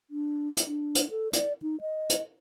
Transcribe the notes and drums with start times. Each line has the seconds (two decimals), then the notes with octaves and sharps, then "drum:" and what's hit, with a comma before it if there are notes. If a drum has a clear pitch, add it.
0.10 D4
0.57 drum: hi-hat
0.66 D4
0.95 drum: hi-hat
1.10 A4
1.33 D5, drum: hi-hat
1.62 D#4
1.81 D#5
2.09 drum: hi-hat